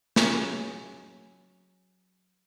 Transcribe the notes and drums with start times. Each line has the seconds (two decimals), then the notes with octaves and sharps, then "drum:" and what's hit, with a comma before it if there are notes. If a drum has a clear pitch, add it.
0.16 F#3 G#3 C#4, drum: snare